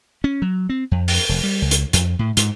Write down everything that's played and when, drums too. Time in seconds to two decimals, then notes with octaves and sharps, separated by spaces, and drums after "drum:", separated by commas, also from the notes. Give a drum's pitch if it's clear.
0.24 C#4
0.42 F#3
0.69 C4
0.91 F2
1.08 drum: open hi-hat
1.29 F1
1.43 G3
1.62 C#2
1.71 drum: hi-hat
1.93 F2, drum: hi-hat
2.19 A2
2.37 G#2, drum: hi-hat